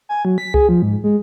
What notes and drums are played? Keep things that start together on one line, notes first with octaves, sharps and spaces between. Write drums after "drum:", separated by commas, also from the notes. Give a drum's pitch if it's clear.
G#5
F#3
B6
G#4, drum: kick C2
F3
G#2
G#3